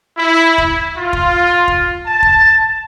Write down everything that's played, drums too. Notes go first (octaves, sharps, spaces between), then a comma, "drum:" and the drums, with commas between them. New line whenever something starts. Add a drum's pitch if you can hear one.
E4
drum: kick
F4
drum: kick
drum: kick
A5
drum: kick